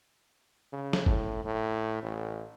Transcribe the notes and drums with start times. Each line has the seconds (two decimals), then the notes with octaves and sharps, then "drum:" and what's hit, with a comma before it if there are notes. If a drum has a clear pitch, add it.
0.73 C#3
0.93 drum: snare
1.06 A2, drum: kick
1.44 A2
2.03 A1